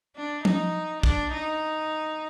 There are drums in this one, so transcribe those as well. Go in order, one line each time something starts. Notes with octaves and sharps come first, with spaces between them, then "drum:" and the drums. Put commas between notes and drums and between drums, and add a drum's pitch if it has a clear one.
D4
D#4, drum: tom F3
D4, drum: kick
D#4